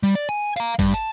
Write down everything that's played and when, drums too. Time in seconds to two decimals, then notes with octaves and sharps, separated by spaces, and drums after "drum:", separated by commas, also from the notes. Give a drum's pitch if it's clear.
0.03 G3
0.15 D5
0.29 G#5
0.56 F5 A#5, drum: hi-hat
0.79 G2, drum: kick, hi-hat
0.94 A5, drum: hi-hat